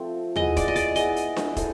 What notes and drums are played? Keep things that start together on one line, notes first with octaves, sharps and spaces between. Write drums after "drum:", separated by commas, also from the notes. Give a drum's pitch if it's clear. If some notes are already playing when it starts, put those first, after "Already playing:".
Already playing: F3 A3 C4
B3 E4 G#4 D#5, drum: tom D#2
D5, drum: kick, hi-hat
D#5
D5, drum: hi-hat
B3 E4 G#4 D#5, drum: hi-hat
drum: hi-hat
drum: snare D4
E4 A4 C5, drum: kick, hi-hat